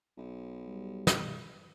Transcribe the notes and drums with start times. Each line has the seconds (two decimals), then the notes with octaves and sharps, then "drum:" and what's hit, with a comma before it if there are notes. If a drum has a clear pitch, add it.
0.17 B1
0.67 G3
1.07 drum: snare